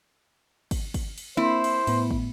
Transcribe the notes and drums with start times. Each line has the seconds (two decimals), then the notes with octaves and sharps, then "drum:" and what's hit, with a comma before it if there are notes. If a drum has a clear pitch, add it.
0.71 drum: kick, cymbal
0.94 drum: kick, cymbal
1.18 drum: cymbal
1.37 A#3 C4 E4 C5
1.64 drum: cymbal
1.87 A2 B3, drum: cymbal
2.11 drum: kick